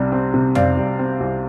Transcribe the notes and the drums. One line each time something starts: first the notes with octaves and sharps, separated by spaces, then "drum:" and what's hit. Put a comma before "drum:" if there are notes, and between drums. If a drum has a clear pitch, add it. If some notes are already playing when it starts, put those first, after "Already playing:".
Already playing: C2 C3 G3
C4
C3
C4 D5 F5, drum: tom F2
G3
C4
C2